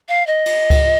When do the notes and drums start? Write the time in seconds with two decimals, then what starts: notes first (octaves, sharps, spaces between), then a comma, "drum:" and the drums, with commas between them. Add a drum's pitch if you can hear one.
0.09 F5
0.27 D#5
0.46 drum: cymbal
0.70 drum: kick C#2, cymbal